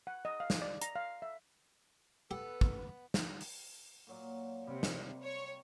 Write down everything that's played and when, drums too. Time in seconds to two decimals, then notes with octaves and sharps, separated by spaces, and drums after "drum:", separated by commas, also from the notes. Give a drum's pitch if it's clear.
0.07 F#5
0.25 D#5
0.40 F5
0.50 drum: snare
0.62 D5
0.81 A#5, drum: hi-hat
0.96 F5
1.22 E5
2.31 B3 G4 A4 B4
2.61 drum: kick
3.14 drum: snare
3.41 drum: open hi-hat
4.07 A#2 F#3 A#3
4.67 C3 G3 C4
4.83 drum: snare
5.24 C#5